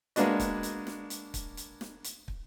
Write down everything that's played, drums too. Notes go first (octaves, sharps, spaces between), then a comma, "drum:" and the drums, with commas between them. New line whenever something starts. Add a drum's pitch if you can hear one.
G#3 A#3 B3 D4 F#4 D#5, drum: hi-hat
drum: kick, hi-hat
drum: hi-hat
drum: snare
drum: hi-hat
drum: kick, hi-hat
drum: hi-hat
drum: snare
drum: hi-hat
drum: kick